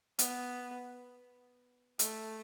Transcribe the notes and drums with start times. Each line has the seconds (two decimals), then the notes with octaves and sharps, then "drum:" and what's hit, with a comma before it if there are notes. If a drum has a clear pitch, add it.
0.19 B3, drum: hi-hat
1.99 A3, drum: hi-hat